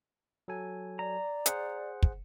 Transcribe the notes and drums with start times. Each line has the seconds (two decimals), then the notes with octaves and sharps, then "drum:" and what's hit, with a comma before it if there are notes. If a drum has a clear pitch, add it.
0.48 F#3 A4 G#5
0.99 D5 A#5
1.46 G#4 C5 F#5, drum: hi-hat
2.03 drum: kick